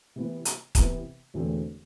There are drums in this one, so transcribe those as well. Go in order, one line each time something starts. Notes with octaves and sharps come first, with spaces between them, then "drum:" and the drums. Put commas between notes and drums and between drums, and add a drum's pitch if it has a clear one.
C3 E3 B3
drum: hi-hat
C3 E3 B3, drum: kick D#1, hi-hat
E1 E2 D3 A3 C4